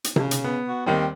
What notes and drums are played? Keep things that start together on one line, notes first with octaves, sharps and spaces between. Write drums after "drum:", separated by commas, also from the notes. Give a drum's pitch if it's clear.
drum: hi-hat
C#3, drum: tom C3
drum: hi-hat
B3
F#4
D#2 D#3 G3 C4